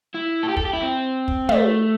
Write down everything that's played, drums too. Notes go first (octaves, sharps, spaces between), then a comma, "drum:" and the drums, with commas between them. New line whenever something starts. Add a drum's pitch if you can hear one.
E4
A4
G4
A4, drum: kick
G4
E4
C4
drum: kick
A3, drum: tom